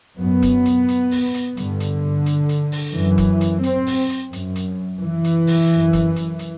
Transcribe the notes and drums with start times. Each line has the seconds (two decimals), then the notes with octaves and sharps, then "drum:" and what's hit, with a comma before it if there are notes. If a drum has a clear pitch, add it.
0.20 F#2 B3
0.43 drum: kick E1, hi-hat
0.65 drum: hi-hat
0.88 drum: hi-hat
1.11 drum: open hi-hat
1.34 drum: hi-hat
1.57 G2 D3, drum: hi-hat
1.80 drum: hi-hat
2.26 drum: hi-hat
2.49 drum: hi-hat
2.72 drum: open hi-hat
2.94 F#2 E3
3.18 drum: kick E1, hi-hat
3.41 drum: hi-hat
3.63 C4, drum: hi-hat
3.87 drum: open hi-hat
4.10 drum: hi-hat
4.33 F#2, drum: hi-hat
4.56 drum: hi-hat
5.02 E3
5.24 drum: hi-hat
5.47 drum: open hi-hat
5.70 F#2
5.93 drum: kick E1, hi-hat
6.16 drum: hi-hat
6.39 drum: hi-hat